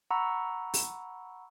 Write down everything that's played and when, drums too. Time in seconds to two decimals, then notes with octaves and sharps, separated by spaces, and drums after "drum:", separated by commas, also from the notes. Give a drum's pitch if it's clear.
0.11 F#5 A#5 B5 C#6 E6
0.74 drum: open hi-hat